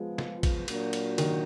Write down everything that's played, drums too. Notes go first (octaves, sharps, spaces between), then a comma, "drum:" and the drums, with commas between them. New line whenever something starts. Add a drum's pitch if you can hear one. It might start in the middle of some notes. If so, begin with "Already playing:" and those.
Already playing: F3 G#3 B3 F4
drum: snare
drum: kick A1, cymbal
A#2 F#3 A#3 D4 F#4, drum: cymbal
drum: cymbal
D#3, drum: cymbal